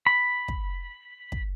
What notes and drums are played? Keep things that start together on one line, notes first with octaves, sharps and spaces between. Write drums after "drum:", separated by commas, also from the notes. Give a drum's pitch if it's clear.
B5
drum: kick
drum: kick